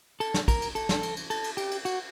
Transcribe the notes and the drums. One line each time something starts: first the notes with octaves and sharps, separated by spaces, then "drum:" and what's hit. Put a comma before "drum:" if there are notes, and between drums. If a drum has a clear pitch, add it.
A4, drum: cymbal
drum: snare
A#4, drum: kick, cymbal
drum: cymbal
A4, drum: cymbal
drum: snare
drum: cymbal
drum: cymbal
A4, drum: cymbal
drum: cymbal
G4, drum: cymbal
drum: cymbal
F#4, drum: cymbal